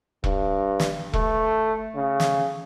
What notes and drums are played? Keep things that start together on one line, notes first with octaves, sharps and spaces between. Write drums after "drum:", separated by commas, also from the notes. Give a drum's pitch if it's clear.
G2, drum: kick E1
drum: snare
A3, drum: kick E1
C#3
drum: snare